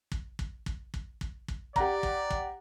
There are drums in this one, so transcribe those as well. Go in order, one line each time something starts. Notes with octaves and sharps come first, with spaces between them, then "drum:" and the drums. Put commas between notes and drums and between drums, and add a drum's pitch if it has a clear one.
drum: kick
drum: kick
drum: kick
drum: kick
drum: kick
drum: kick
G4 D5 F#5 A#5, drum: kick
drum: kick
drum: kick